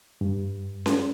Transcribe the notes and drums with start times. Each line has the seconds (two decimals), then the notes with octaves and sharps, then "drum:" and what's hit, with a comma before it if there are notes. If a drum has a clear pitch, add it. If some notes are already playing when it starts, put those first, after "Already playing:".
0.21 G2
0.86 drum: snare C#4